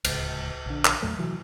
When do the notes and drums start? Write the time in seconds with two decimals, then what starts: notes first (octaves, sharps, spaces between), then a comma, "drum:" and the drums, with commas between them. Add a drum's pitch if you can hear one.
0.05 D1 C#2, drum: cymbal
0.66 A#1 D3
0.85 drum: clap
1.02 E2 A#2 F#3 A3
1.18 C3 E3 F#3